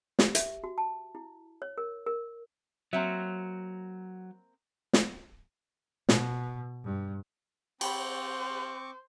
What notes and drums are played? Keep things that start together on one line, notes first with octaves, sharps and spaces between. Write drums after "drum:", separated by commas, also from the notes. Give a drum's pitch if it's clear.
G4, drum: snare
E5, drum: hi-hat
F#4
A5
E4
C#5
A#4
A#4
F#3 A#3 C4 E5
drum: snare
B2, drum: snare
G2
C4 C5 G5 A5 B5 C#6 D6, drum: cymbal